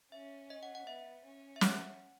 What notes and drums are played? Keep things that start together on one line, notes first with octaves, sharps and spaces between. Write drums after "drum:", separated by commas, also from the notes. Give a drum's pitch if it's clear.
C#4 E5
D#5
F#5
F#5
B3 E5
C#4
E5
F#5, drum: snare